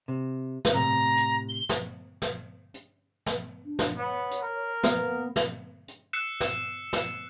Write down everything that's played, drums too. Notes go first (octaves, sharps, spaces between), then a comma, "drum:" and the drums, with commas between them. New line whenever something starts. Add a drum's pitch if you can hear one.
C3
drum: snare
A2 C3 A#5
drum: hi-hat
G7
drum: snare
drum: snare
drum: hi-hat
drum: snare
D4
drum: snare
B3 C#5
drum: hi-hat
A#4
A#3 B3, drum: snare
drum: snare
drum: hi-hat
E6 F#6 C7 C#7 E7
drum: snare
drum: snare